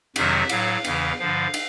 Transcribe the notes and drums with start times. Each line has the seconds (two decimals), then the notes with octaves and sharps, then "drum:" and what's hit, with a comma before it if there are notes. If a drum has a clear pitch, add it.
0.16 F2 C3 D#3 F#3 E5, drum: cymbal
0.49 A2 F#3 F5, drum: cymbal
0.84 E2 C#3 E3, drum: cymbal
1.19 G2 D3 F3 F5
1.54 drum: cymbal